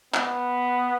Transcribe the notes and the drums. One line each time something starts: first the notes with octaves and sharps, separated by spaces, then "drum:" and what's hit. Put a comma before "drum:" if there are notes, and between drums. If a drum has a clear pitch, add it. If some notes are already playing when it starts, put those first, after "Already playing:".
B3, drum: clap